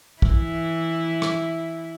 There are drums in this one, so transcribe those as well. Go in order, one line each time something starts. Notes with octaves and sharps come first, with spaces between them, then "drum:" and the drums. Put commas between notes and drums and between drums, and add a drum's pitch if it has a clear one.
E3 E4, drum: kick
drum: rim click